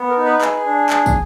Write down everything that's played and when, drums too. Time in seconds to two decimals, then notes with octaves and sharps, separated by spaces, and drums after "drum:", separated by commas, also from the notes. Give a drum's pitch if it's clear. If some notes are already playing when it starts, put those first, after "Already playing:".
Already playing: B3
0.10 A#4
0.17 D#4
0.26 B4
0.41 G#4, drum: clap
0.66 D4
0.90 G#4, drum: clap
1.06 drum: kick, tambourine